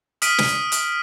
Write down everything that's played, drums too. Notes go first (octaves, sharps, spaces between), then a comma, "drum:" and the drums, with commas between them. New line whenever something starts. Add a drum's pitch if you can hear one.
D#6 F6 B6 D7 D#7, drum: hi-hat
drum: snare
drum: hi-hat